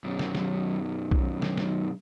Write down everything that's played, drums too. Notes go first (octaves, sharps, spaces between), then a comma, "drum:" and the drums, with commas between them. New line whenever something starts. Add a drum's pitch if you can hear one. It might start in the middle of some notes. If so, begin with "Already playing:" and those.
B1 F#2
drum: snare
drum: snare
drum: kick B1
drum: snare
drum: snare